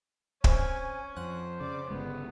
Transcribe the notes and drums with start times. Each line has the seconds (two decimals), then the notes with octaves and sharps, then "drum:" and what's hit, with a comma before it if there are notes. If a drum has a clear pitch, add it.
0.44 C4 C#4 G#5, drum: kick
1.17 F2 C5 F#5
1.61 C#3 D5
1.90 G1 C#3 G#3 B3